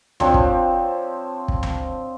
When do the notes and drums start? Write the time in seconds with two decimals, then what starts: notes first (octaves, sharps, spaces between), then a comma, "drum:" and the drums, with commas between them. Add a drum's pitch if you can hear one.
0.20 F3 C4 D4 C#5, drum: tom C#2
0.34 drum: kick
1.48 drum: kick
1.63 drum: tom C#2